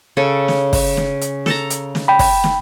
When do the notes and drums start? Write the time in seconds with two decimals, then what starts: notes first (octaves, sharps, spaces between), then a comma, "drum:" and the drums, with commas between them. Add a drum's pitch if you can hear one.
0.17 C#3 A4 G#5
0.48 drum: snare
0.73 drum: kick, open hi-hat
0.97 drum: snare
1.22 drum: hi-hat
1.46 A4 A5 A#5, drum: snare
1.70 drum: hi-hat
1.95 drum: snare
2.08 G5 B5
2.19 drum: kick, open hi-hat
2.44 drum: snare